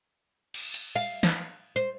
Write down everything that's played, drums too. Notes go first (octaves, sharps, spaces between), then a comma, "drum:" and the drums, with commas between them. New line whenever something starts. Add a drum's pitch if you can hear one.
drum: cymbal
drum: hi-hat
F5
drum: snare
C5